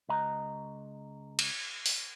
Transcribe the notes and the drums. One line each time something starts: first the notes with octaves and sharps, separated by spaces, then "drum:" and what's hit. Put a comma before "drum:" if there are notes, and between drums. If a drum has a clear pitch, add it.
C#2 D#5 A#5
drum: cymbal
drum: open hi-hat